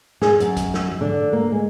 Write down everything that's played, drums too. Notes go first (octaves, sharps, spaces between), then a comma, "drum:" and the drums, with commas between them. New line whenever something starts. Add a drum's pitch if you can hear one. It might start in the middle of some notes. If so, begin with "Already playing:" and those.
G#4, drum: snare
F#2, drum: hi-hat
drum: kick, hi-hat
drum: snare
drum: tom F3
D3
A#3
G#3